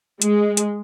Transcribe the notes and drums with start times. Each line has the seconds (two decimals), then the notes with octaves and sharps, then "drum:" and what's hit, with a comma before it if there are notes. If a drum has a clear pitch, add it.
0.22 G#3, drum: hi-hat
0.57 drum: hi-hat